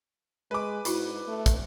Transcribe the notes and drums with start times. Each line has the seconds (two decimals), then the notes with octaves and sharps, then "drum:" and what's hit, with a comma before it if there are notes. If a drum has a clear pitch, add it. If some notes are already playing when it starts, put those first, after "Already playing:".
0.51 G#3 B4 D6
0.85 G#2 E4 F#4, drum: hi-hat
1.28 A3
1.46 drum: kick, hi-hat